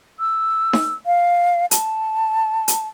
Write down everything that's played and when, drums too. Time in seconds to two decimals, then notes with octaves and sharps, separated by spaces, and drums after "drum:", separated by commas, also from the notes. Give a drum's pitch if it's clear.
0.20 E6
0.73 drum: snare D#4
1.06 F5
1.71 A5, drum: hi-hat
2.68 drum: hi-hat